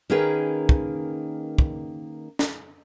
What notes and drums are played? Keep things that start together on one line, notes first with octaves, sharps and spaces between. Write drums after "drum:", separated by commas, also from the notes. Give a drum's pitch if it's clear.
D#3 A#3 C#4 G#4 B4
drum: kick
drum: kick
drum: snare